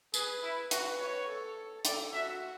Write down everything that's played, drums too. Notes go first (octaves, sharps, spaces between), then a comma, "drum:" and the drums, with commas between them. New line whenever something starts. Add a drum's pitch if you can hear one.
G#4 B4, drum: tambourine
E4
F#4 B4, drum: hi-hat
C#5
A4
A4 D5, drum: hi-hat
F#4 E5